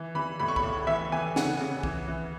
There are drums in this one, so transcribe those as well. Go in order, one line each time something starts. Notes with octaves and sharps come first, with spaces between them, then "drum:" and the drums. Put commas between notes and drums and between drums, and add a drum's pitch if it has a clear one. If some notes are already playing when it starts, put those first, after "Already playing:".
Already playing: E3
E3 B5
A2 B5
C#6
B5, drum: kick C2
A2
E3 E5
E3 G#5
C#3 F#5, drum: snare
C#3
E3, drum: kick C2
E3